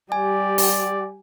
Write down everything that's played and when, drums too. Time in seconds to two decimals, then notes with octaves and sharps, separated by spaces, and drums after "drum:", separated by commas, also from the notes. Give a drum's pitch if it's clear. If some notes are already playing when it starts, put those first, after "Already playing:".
0.12 G3 G4 D5 G#5
0.58 drum: open hi-hat